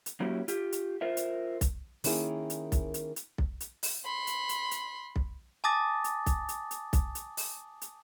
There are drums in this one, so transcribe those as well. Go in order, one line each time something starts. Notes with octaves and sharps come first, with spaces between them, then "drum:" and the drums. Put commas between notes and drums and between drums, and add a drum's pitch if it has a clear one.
drum: hi-hat
F#3 A#3 C#4 E4 F#4 G4
F4 G4, drum: hi-hat
drum: hi-hat
F4 A#4 C5 E5
drum: hi-hat
drum: kick B1, hi-hat
D#3 A#3 C#4 E4 G#4, drum: open hi-hat
drum: hi-hat
drum: kick B1, hi-hat
drum: hi-hat
drum: hi-hat
drum: kick B1
drum: hi-hat
drum: open hi-hat
B5 C6
drum: hi-hat
drum: hi-hat
drum: hi-hat
drum: kick B1
G#5 A5 D6 D#6 A6 A#6
drum: hi-hat
drum: kick B1, hi-hat
drum: hi-hat
drum: hi-hat
drum: kick B1, hi-hat
drum: hi-hat
drum: open hi-hat
drum: hi-hat